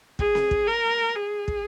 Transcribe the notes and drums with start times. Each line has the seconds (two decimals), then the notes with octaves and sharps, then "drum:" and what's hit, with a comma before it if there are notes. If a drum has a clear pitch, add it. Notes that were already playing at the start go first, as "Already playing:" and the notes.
0.19 G#4, drum: kick
0.35 drum: snare C4
0.51 drum: kick
0.67 A#4
1.16 G#4
1.48 drum: kick